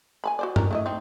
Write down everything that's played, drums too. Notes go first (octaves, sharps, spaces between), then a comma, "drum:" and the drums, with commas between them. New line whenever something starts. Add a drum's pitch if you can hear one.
G#5 A5 B5
F#4 C5 D5
C#4 D4 A#4, drum: tom
A3 E4 D#5
A3 C4 D#4